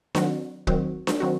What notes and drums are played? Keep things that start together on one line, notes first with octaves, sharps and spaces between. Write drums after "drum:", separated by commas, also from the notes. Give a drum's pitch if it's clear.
D#3 F#3 C4 F#4, drum: snare D4
D#3 F#3 C4 F#4, drum: kick
drum: snare D4
D#3 F#3 C4 F#4